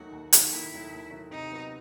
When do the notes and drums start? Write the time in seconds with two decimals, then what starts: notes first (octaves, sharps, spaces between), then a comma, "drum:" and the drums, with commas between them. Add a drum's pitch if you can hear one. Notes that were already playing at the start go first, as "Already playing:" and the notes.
Already playing: D#2 D#3 F#3 A3 F#4
0.12 D#2
0.33 D#3 F#3 A3, drum: hi-hat
0.52 D#2 E4
0.72 D#3 F#3 A3
0.92 D#2
1.11 D#3 F#3 A3
1.31 C3 D#4
1.51 F#3 B3 F#4